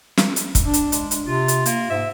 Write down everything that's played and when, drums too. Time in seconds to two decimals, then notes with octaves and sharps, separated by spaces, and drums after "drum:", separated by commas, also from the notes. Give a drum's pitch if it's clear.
0.17 drum: snare
0.36 drum: hi-hat
0.55 drum: kick, hi-hat
0.64 D4
0.74 drum: hi-hat
0.92 G#3, drum: hi-hat
1.11 drum: hi-hat
1.26 C3 F4
1.48 drum: hi-hat
1.66 A#3, drum: hi-hat
1.90 G#2 E5